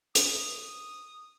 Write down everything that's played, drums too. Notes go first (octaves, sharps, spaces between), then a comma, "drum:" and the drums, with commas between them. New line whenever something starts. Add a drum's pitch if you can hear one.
D#6, drum: hi-hat